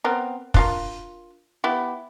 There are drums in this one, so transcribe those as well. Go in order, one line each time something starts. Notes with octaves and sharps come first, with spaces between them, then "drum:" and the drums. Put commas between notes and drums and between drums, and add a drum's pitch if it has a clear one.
B3 C4 A#4
D4 F4 A#4, drum: kick
B3 E4 G4